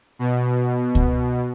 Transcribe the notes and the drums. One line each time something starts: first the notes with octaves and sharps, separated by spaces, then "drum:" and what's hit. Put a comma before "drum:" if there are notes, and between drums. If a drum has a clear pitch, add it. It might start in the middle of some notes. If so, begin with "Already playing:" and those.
B2
drum: kick C#2